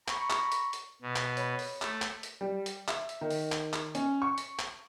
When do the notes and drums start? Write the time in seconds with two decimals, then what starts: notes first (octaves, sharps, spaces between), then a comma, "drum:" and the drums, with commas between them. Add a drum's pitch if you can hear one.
0.08 A#5 B5 C#6, drum: clap
0.30 drum: clap
0.52 drum: hi-hat
0.73 drum: hi-hat
1.02 B2
1.16 drum: clap
1.37 C#5 B5, drum: hi-hat
1.59 drum: open hi-hat
1.82 A3, drum: clap
2.02 drum: clap
2.23 drum: hi-hat
2.41 G3
2.66 drum: hi-hat
2.88 E5, drum: clap
3.09 drum: hi-hat
3.21 D#3
3.30 drum: open hi-hat
3.52 drum: clap
3.73 drum: clap
3.95 C#4, drum: hi-hat
4.22 C#6
4.38 drum: hi-hat
4.59 drum: clap